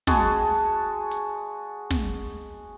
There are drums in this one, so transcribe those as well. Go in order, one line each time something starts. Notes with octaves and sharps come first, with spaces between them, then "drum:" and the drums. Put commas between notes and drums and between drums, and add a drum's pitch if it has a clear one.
G#3 F#4 G#4 A5, drum: snare
drum: hi-hat
drum: snare